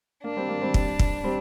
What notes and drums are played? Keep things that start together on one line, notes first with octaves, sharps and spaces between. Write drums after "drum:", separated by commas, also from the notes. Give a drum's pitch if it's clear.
A#3 D4
G3 C4
A#3
G3 C4
drum: kick
drum: kick
G3 C4